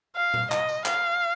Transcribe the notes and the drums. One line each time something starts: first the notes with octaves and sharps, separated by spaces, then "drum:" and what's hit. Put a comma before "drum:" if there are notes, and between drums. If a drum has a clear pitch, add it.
F5
drum: tom A#2
D#5, drum: clap
drum: tambourine
F5, drum: clap